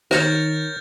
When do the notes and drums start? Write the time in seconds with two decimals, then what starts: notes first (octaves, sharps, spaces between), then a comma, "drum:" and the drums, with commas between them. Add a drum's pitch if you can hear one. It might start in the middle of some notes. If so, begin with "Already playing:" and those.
0.11 D#3 A#4 C#5 F6 G6 A6, drum: rim click